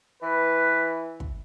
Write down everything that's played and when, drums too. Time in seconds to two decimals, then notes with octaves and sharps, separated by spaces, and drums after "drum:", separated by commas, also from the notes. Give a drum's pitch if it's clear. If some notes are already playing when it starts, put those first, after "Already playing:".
0.22 E3 B4
1.20 drum: kick